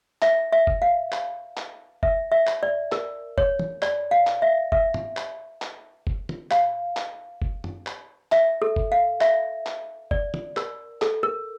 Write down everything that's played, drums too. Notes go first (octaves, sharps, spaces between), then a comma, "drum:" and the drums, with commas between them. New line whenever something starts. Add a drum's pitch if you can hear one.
E5, drum: clap
E5
drum: kick F#1
F5
drum: clap
drum: clap
E5, drum: kick F#1
E5
drum: clap
D5
A#4, drum: clap
C#5, drum: kick F#1
drum: tom
D5, drum: clap
F5
drum: clap
E5
E5, drum: kick F#1
drum: tom
drum: clap
drum: clap
drum: kick F#1
drum: tom
F5, drum: clap
drum: clap
drum: kick F#1
drum: tom F#2
drum: clap
E5, drum: clap
A4
drum: kick F#1
F5
E5, drum: clap
drum: clap
D5, drum: kick F#1
drum: tom
A#4, drum: clap
A4, drum: clap
A#4